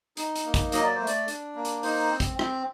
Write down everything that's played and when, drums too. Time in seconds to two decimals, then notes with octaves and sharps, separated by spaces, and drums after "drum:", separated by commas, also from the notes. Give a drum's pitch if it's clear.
0.17 D#4, drum: hi-hat
0.36 drum: hi-hat
0.45 A#3
0.54 drum: kick, hi-hat
0.72 F#3 D#5, drum: hi-hat
0.84 D5
0.95 C5
1.00 A3
1.07 D5, drum: hi-hat
1.28 D4, drum: hi-hat
1.55 A#3
1.65 drum: hi-hat
1.83 D#4 C5, drum: open hi-hat
2.10 C4
2.20 drum: kick, hi-hat
2.39 C4, drum: rim click